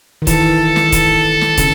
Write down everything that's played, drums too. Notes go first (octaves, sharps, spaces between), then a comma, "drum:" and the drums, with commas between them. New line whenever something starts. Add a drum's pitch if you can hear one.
D#3
E3 A4, drum: kick, hi-hat
drum: snare
drum: kick, hi-hat
drum: snare
C#3, drum: kick, hi-hat